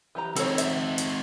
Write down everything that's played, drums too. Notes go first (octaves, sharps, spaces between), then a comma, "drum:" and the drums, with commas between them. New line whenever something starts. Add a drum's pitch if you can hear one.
E3 G4 A#5
C4 D#4 A4 C#5, drum: hi-hat
E5, drum: hi-hat
drum: hi-hat